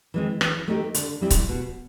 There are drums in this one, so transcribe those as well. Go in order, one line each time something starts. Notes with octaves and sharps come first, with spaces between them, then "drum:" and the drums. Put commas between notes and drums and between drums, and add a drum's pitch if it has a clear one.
E3 G#3 C4
E3, drum: rim click
A3 C4 D#4 G4
D3, drum: hi-hat
G3 C4 E4 G4
drum: kick C#1, hi-hat
B2